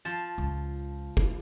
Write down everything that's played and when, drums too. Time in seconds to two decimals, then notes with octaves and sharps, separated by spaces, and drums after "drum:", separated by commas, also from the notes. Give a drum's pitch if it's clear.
0.05 F3 A5
0.38 C#2
1.17 drum: kick F#1